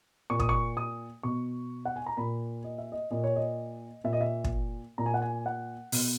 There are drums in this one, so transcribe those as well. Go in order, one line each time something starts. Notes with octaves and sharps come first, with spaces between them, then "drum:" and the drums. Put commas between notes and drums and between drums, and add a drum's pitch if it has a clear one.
A#2 C#6
D#6, drum: kick
C#6
D#6
B2 C#6
F#5
G#5
A#5
A#2 B5
D#5
E5
D#5
A#2 D#5
C#5
D#5
A#2 E5
D#5
E5
drum: kick
A#2 A#5
G#5
F#5
G#5
F#5
B2, drum: open hi-hat